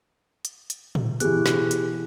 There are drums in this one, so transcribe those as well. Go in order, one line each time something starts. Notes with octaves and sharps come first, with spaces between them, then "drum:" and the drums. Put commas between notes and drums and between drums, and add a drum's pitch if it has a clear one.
drum: hi-hat
drum: hi-hat
drum: tom
B2 E3 G4 G#4 F#6, drum: hi-hat
drum: snare
drum: hi-hat